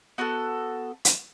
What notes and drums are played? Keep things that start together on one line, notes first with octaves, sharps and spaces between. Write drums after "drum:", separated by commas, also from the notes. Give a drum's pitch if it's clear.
B3 F#4 A4 F#5
drum: hi-hat